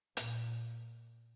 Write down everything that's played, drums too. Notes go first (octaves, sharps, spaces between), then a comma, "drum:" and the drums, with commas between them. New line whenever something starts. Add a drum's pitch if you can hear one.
A#2, drum: hi-hat